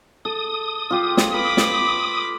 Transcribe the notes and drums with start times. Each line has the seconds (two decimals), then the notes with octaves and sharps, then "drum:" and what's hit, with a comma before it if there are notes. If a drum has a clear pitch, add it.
0.25 A4 D#6
0.91 F4 G4 G5
1.17 drum: snare
1.34 B4 B5 D6
1.57 drum: snare